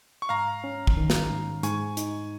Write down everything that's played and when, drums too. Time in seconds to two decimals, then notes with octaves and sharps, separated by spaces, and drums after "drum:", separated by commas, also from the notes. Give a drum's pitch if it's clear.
0.22 C#6
0.29 G#2 F5 A#5
0.64 C#4
0.87 drum: kick
0.97 D#3
1.10 drum: snare
1.30 G#2
1.63 G#2 G#5 C#6, drum: hi-hat
1.97 D#4, drum: hi-hat